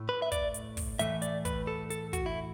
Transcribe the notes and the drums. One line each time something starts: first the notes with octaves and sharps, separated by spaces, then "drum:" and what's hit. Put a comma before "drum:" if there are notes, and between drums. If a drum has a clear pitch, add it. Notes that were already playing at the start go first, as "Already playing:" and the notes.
Already playing: A2 A3
B4
E5
D5, drum: kick, hi-hat
drum: hi-hat
drum: kick, open hi-hat
A2 E3 A3 E5, drum: hi-hat
D5, drum: hi-hat
B4, drum: kick, hi-hat
A4
A4, drum: hi-hat
F#4, drum: kick, hi-hat
E4